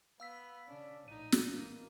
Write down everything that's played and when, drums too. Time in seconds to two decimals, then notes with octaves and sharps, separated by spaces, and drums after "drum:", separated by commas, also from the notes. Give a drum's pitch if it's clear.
0.20 B3 F5 E6 B6
0.68 C#3 C#4 D4
1.08 A#1 A2 D#4 D#7
1.32 drum: snare
1.47 E3 A#3